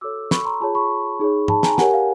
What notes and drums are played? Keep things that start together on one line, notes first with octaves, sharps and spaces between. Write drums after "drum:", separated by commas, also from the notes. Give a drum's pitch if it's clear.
F#4 A4 C#5 D6 E6
B5 C#6, drum: snare
A#5 C6
F4 G#4 C#5 A5 B5
B5 C#6
D#4 G#4 C#5
A5 B5, drum: tom
G#5 A#5, drum: snare
G4 A#4 C#5 F#5 G#5, drum: snare
F5